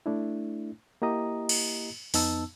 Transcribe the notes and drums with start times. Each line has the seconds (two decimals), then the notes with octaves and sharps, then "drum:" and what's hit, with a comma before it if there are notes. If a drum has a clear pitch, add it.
0.06 A3 D4 E4
1.02 A#3 E4 G4 D#5 A#5 D#6
1.49 drum: cymbal
2.14 F2 B3 D#4 A5 E6, drum: open hi-hat